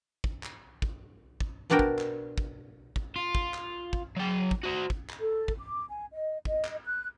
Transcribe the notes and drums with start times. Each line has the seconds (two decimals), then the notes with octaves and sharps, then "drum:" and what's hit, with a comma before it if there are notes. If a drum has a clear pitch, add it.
0.24 drum: kick
0.43 drum: clap
0.82 drum: kick
1.40 drum: kick
1.70 B2 B3 D4 F#4 A#4 G5
1.79 drum: kick
1.99 drum: clap
2.38 drum: kick
2.96 drum: kick
3.16 F4
3.35 drum: kick
3.54 drum: clap
3.93 drum: kick
4.17 F#3 G5
4.51 drum: kick
4.64 F#4 C5
4.90 drum: kick
5.09 drum: clap
5.21 A4
5.48 drum: kick
5.59 D6
5.88 G#5
6.12 D#5
6.45 D#5, drum: kick
6.65 drum: clap
6.85 F#6